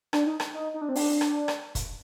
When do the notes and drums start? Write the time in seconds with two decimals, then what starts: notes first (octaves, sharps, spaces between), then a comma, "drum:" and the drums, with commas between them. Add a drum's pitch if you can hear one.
0.13 D4, drum: rim click
0.26 D#4
0.40 drum: rim click
0.54 D#4
0.74 D#4
0.81 D4
0.89 C4
0.96 D4, drum: open hi-hat
1.21 drum: rim click
1.48 drum: rim click
1.75 drum: kick, hi-hat